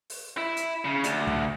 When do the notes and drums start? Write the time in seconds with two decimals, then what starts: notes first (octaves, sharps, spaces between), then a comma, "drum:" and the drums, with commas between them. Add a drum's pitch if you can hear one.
0.10 drum: open hi-hat
0.37 E4
0.57 drum: hi-hat
0.85 C#3
1.04 D2, drum: hi-hat
1.27 drum: kick